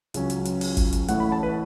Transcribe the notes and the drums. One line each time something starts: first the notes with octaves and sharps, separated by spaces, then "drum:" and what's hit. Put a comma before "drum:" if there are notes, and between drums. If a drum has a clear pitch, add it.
C#2 C#3 F#3 C#4, drum: hi-hat
drum: hi-hat
drum: hi-hat
drum: open hi-hat
drum: kick, hi-hat
drum: hi-hat
A1 A2 A3 F#5, drum: hi-hat
B5
A5
B4